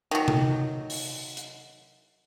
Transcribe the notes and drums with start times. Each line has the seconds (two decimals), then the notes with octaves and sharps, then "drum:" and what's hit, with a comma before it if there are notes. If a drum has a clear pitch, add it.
0.11 D#3 F#3
0.28 drum: tom C3
0.90 drum: open hi-hat
1.37 drum: hi-hat